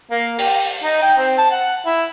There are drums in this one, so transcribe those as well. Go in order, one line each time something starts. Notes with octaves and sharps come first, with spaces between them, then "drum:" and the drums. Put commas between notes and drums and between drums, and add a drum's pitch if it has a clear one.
A#3
G4, drum: open hi-hat
D#4
G5
C4
A5
F#5
E4